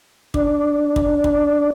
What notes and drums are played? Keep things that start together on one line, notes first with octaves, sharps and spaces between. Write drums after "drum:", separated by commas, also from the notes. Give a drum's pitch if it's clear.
D4, drum: kick
drum: kick
drum: kick